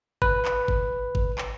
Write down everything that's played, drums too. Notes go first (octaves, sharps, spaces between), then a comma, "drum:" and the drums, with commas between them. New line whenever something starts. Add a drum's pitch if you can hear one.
B4, drum: kick G1
drum: clap
drum: kick G1
drum: kick G1
drum: clap